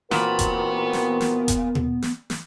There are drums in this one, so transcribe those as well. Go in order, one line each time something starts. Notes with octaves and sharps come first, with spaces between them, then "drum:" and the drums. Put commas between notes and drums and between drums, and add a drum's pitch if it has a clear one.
A#2 E3 B3 C4 F#4 A#4 B5, drum: snare
drum: kick E1, hi-hat
drum: snare
drum: snare
drum: kick E1, hi-hat
drum: tom A#2
drum: snare
drum: snare